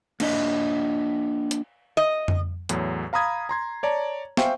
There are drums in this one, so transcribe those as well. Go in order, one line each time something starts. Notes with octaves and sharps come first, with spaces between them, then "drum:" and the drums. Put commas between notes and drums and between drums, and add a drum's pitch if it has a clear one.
A#3 D4 D#5 E5, drum: cymbal
drum: hi-hat
D#5
drum: tom F2
E2 A2 F#3, drum: hi-hat
F5 A#5 B5 D#6 G#6
A#5 C6 G#6
C#5 D5 A5 A#5
C5 E5 F5 G5 G#5 C#6, drum: snare